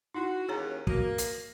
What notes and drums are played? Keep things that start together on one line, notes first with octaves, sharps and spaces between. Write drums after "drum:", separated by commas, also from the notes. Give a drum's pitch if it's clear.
D#4 E4 F#4
D#2 C#4 G#4 C#5 A#5
A#3 F#4, drum: kick
drum: hi-hat